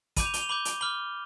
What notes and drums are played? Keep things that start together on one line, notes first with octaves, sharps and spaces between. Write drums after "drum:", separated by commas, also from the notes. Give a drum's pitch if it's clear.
B5 D6 G6 D#7, drum: kick, hi-hat
F7
G7, drum: hi-hat
F7
B5 D6 G6 G7
drum: hi-hat
B5 D6 F6 G7